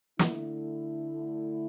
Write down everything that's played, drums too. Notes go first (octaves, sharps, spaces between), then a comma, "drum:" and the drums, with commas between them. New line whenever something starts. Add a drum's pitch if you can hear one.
D3 A3 E4, drum: snare